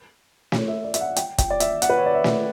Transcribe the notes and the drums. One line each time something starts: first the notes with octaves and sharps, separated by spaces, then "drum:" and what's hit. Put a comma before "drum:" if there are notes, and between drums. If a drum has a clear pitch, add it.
C#5, drum: snare
E5
D5
E5, drum: hi-hat
F#5
G5, drum: hi-hat
G5, drum: kick, hi-hat
D5
E5, drum: hi-hat
F#5, drum: hi-hat
B4
C#5
D5
E5
drum: snare